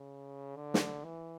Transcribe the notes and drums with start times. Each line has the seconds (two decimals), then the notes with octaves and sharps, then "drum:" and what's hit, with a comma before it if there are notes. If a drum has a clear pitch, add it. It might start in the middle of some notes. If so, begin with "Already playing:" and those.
Already playing: C#3
0.56 D3
0.74 drum: snare
1.04 E3